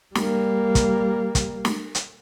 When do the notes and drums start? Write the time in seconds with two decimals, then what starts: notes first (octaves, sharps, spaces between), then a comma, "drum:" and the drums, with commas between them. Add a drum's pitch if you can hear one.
0.15 G3 A#3, drum: snare
0.75 drum: kick, hi-hat
1.35 drum: kick, hi-hat
1.65 drum: snare
1.95 drum: hi-hat